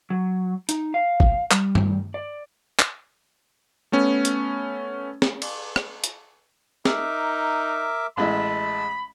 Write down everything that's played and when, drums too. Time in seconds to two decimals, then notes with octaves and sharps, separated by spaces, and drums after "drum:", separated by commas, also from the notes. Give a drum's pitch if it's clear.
0.10 F#3
0.69 D#4, drum: hi-hat
0.94 F5
1.20 drum: kick
1.51 G3, drum: clap
1.75 drum: tom G2
2.14 D5
2.79 drum: clap
3.92 A3 B3 C#4
4.25 drum: hi-hat
5.22 drum: snare
5.42 drum: cymbal
5.76 drum: rim click
6.04 drum: hi-hat
6.85 D#4 A#4 E5 D6, drum: snare
8.17 A1 G#3 E4 A5 B5